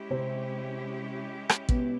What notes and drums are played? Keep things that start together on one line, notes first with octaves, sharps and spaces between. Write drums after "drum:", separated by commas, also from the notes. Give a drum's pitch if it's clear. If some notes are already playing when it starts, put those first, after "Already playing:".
Already playing: G#3 C#4 E4 G4
C3 C4
drum: rim click
B2 B3, drum: kick